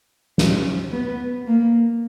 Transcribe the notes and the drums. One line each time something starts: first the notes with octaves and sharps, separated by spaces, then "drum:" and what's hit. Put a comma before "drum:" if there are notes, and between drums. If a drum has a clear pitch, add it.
C#4, drum: snare
B3
A#3